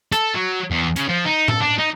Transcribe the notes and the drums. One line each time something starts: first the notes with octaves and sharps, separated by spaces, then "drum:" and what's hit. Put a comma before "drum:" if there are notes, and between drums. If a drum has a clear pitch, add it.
A4, drum: hi-hat
F#3
E2
C#3, drum: hi-hat
F3
D#4
A4, drum: tom A2
D4
D#4